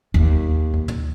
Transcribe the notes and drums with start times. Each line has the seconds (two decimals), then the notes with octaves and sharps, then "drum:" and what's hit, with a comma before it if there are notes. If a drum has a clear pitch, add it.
0.14 D#2
0.74 drum: kick D2
0.88 drum: tom